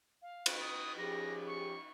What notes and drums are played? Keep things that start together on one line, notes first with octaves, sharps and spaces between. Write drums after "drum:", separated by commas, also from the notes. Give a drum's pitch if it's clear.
F5
drum: cymbal
D#6
F3 C#4 G4 G#4 A#6
C#6